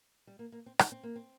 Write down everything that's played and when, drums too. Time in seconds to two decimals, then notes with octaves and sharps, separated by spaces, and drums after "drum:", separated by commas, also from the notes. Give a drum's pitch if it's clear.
0.27 G3
0.39 A#3
0.52 A#3
0.66 C4
0.79 D#4, drum: rim click
0.92 C4
1.03 A#3
1.16 C4